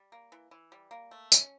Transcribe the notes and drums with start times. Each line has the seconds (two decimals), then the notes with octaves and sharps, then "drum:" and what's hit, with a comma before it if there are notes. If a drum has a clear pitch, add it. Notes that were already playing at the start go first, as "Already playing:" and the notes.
Already playing: G3
0.12 A#3
0.32 E3
0.51 E3
0.72 G3
0.91 A#3
1.11 A3
1.32 C#4, drum: tambourine